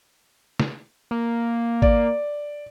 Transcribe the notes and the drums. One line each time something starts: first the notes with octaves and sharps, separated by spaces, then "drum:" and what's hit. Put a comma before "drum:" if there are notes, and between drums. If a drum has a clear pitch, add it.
drum: snare
A#3
D5, drum: kick